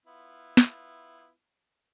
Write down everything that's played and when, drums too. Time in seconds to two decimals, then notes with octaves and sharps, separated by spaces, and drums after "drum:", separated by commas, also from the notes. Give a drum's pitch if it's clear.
0.06 B3 E4 F4
0.57 drum: snare